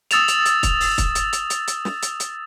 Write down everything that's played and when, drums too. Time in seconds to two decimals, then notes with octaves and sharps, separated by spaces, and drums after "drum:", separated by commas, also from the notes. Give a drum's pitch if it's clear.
0.11 D#6 E6 A6 E7 F7, drum: hi-hat
0.28 drum: hi-hat
0.46 drum: hi-hat
0.63 drum: kick, hi-hat
0.80 drum: open hi-hat
0.98 drum: kick, hi-hat
1.15 drum: hi-hat
1.33 drum: hi-hat
1.50 drum: hi-hat
1.68 drum: hi-hat
1.85 drum: snare
2.03 drum: hi-hat
2.20 drum: hi-hat